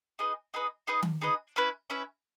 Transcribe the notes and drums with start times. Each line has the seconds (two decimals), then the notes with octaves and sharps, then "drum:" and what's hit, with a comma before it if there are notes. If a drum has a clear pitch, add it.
0.19 D#4 G#4 B4 D#5
0.54 D#4 G#4 B4 D#5
0.87 D#4 G#4 B4 D#5
1.03 drum: tom D#3
1.21 D#4 G#4 B4 D#5
1.56 C#4 E4 B4 E5
1.90 C#4 E4 B4 E5